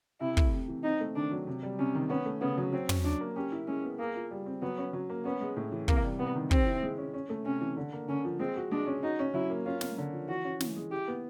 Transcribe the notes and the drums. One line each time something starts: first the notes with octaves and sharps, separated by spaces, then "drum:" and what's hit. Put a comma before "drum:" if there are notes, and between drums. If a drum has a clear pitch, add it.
C3 E4
A3, drum: kick
C3
E3
C4 D#4
A3
D#3 D4
F#3
C3
G3
C3 C#4
D#3
B3 C#4
A3
C#3 B3
F#3
F#3 C4
C#4, drum: tom
F#3 D4
A#3
C#4 G4
E4
G#3 C#4
B3
A#3 G#4
F4
G3
C4
F#3 B3
C#4
F#3
A#3
B3 C#4
G#3
A2
E3
C3 A#3, drum: kick
G3
C3 B3
D#3
C4 G4, drum: kick
E4
G#3
C#4
C#4
A3
C3 C#4
E3
D3
A#3
D3 C#4
F3
G#3 C4
F#4
G#3 D4
C#4
D#4 F#4
C#4
F#3 E4
A#3
C#4 F4
A#3, drum: snare
D3
F3
E3 F#4
C#4
E3, drum: snare
G#3
E4 G4
B3